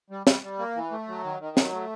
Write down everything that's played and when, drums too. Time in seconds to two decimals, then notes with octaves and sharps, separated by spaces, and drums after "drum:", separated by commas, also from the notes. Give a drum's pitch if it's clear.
0.10 G3
0.27 G3, drum: snare
0.43 G3
0.59 A#3
0.75 E3
0.91 A3
1.08 F#3
1.24 D#3
1.40 D#3
1.57 F#3, drum: snare
1.73 A3